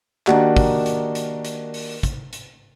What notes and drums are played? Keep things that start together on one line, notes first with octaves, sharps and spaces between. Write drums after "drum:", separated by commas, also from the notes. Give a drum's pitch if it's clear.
D#3 A#3 D4 F#4 G4, drum: clap
drum: kick, open hi-hat
drum: hi-hat
drum: hi-hat
drum: hi-hat
drum: open hi-hat
drum: kick, hi-hat
drum: hi-hat